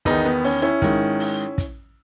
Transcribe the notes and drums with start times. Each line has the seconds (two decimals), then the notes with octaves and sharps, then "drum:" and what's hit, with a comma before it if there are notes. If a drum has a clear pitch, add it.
0.05 E2 D#3 B3 D#4, drum: kick, hi-hat
0.25 B3
0.44 C#4, drum: open hi-hat
0.62 C#4 E4
0.82 G#2 D#3, drum: kick, hi-hat
1.20 drum: open hi-hat
1.58 drum: kick, hi-hat